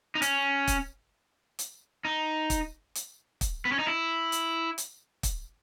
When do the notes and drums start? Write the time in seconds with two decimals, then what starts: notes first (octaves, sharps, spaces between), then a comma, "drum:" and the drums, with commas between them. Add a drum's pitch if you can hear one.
0.15 D#4
0.22 C#4, drum: hi-hat
0.68 drum: kick, hi-hat
1.59 drum: hi-hat
2.05 D#4
2.50 drum: kick, hi-hat
2.95 drum: hi-hat
3.41 drum: kick, hi-hat
3.65 B3
3.72 C#4
3.79 D#4
3.87 E4
4.32 drum: hi-hat
4.78 drum: hi-hat
5.23 drum: kick, hi-hat